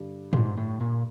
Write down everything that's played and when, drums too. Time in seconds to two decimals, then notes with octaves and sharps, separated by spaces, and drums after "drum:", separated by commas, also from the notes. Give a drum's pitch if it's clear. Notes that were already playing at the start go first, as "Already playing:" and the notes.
Already playing: G2 D3 G3
0.33 G#2, drum: tom
0.58 A2
0.81 A#2